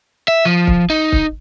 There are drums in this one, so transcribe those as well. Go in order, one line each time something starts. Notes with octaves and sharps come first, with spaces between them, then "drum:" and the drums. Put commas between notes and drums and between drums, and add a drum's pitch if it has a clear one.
E5
F3
drum: kick
D#4
drum: kick